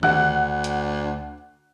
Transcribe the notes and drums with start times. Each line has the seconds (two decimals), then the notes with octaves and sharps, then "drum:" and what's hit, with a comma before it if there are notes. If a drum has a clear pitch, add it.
0.03 D2 F#5 F#6, drum: tom D#3
0.64 drum: hi-hat